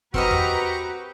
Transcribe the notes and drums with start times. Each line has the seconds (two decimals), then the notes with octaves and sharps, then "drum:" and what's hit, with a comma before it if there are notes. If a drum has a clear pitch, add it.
0.14 C4 F#4 G4 A#4 B4 D#5 A#5 C#6, drum: kick
0.31 drum: tom E2